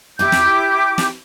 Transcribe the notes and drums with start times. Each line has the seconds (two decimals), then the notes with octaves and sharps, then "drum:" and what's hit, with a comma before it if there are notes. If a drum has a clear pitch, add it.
0.19 E4 G4 D6 G6, drum: tom
0.32 drum: snare
0.98 drum: snare